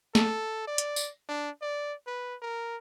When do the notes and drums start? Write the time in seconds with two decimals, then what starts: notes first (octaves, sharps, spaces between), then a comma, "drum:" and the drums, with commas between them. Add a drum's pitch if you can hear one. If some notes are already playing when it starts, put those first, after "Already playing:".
0.15 A4, drum: snare
0.67 D5
0.78 drum: hi-hat
0.96 drum: tambourine
1.29 D4
1.62 D5
2.07 B4
2.42 A#4